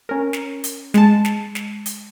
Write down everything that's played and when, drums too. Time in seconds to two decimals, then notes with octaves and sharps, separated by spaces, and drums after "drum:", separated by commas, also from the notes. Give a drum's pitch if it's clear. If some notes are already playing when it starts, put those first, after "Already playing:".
0.09 C#4 A#4
0.33 drum: snare
0.64 drum: hi-hat
0.94 G#3 A5, drum: snare
1.25 drum: snare
1.55 drum: snare
1.86 drum: hi-hat